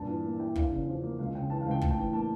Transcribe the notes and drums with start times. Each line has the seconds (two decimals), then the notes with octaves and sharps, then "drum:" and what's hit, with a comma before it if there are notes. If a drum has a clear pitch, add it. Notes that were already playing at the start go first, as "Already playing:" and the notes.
Already playing: G2 A#2 A5
0.08 E3
0.24 A#3
0.39 E4 G5
0.55 E2 F5, drum: kick
0.71 C#3
0.87 F3
1.03 A#3
1.19 C#2 F5
1.35 C#3 G5
1.50 E3 A5
1.61 F5
1.66 C#2 G5
1.81 A2 A5, drum: kick
1.91 G5
1.98 E3
2.13 A#3 A5